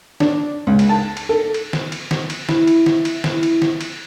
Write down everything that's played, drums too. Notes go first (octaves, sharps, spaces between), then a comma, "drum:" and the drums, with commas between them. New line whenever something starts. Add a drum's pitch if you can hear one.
D4, drum: snare
C#2
drum: cymbal
A5
drum: cymbal
A4
drum: cymbal
drum: snare
drum: cymbal
drum: snare
drum: cymbal
E4, drum: snare
drum: cymbal
drum: snare
drum: cymbal
drum: snare
drum: cymbal
drum: snare
drum: cymbal